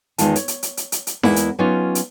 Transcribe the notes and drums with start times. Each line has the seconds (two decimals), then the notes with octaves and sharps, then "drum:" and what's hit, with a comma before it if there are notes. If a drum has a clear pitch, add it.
0.18 E2 D#3 G#3 F4 A5, drum: hi-hat
0.35 C#5, drum: hi-hat
0.48 drum: hi-hat
0.63 drum: hi-hat
0.77 drum: hi-hat
0.92 drum: hi-hat
1.07 drum: hi-hat
1.23 E2 G#3 A#3 E4 F#5, drum: snare D#4
1.36 drum: hi-hat
1.59 F#3 B3 C#4 D#4 F4 G4
1.95 drum: hi-hat